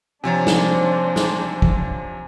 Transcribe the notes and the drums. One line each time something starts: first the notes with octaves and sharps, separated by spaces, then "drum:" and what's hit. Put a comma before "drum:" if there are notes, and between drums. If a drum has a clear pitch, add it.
C3 F3 D4 C5 C#5 G#5 A#5 A6
drum: snare
drum: snare
drum: kick